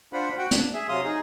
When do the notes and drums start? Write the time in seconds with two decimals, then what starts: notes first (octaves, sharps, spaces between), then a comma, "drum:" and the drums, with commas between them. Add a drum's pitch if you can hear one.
0.13 D4 F4 C5 F#5 B5
0.38 F#4 F#5 G5
0.51 D4, drum: hi-hat
0.74 G#4 E5
0.89 C3 F#3 F5 C6 D#6
1.04 D#4 G#4